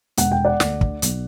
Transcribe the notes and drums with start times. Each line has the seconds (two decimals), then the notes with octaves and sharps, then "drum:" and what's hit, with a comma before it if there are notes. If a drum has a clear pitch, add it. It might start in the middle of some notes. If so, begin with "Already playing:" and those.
0.17 E1 F#5, drum: hi-hat
0.32 G5
0.45 D5 F#5
0.60 D2 D3, drum: snare
0.81 drum: kick
1.02 B1, drum: hi-hat